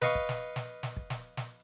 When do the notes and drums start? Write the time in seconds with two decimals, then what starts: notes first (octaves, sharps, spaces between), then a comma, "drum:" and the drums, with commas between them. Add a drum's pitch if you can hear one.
0.02 B4 D#5 F5 C#6, drum: snare
0.15 drum: kick
0.29 drum: snare
0.56 drum: snare
0.83 drum: snare
0.97 drum: kick
1.10 drum: snare
1.37 drum: snare